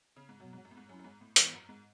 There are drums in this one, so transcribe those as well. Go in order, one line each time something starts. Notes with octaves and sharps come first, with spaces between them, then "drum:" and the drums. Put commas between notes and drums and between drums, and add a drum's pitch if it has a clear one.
C#3
G#2
F#2 B2 F#3 B3
G#2
F#2
A2
G#2
F#2 F#3 C#4 E4
F#2
G#2
A2
G#2 E3 B3 E4, drum: hi-hat
F#2
G#2